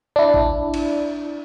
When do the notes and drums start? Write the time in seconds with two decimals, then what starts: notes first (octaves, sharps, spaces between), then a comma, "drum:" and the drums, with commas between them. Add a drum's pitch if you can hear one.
0.16 D4 E4
0.34 drum: kick A1
0.74 drum: cymbal